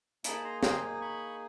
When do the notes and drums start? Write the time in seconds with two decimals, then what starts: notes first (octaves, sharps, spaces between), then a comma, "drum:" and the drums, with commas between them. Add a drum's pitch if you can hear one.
0.24 A#3 D#4 G#4 A5 B5, drum: hi-hat
0.44 A#5 C6
0.63 A#5 C6, drum: snare C5
1.02 B5 C#6